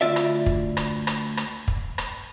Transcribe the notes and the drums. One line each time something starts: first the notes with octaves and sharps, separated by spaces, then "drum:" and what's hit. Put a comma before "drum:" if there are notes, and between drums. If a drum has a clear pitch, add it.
D2 F4 D5 E5
drum: rim click
drum: kick
drum: rim click
drum: rim click
drum: rim click
drum: kick
drum: rim click